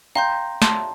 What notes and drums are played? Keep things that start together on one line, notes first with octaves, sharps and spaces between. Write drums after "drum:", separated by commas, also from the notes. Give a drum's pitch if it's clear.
F5 G5 A#5 C6 G6
A5 C6, drum: snare